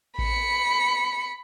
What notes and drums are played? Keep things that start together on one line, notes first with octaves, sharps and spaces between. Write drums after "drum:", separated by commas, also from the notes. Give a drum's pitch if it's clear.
B5 C#7, drum: kick A1